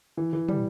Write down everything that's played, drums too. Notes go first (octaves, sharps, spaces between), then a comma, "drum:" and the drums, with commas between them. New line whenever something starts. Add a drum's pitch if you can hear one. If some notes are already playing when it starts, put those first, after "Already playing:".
E3
E3
G3, drum: tom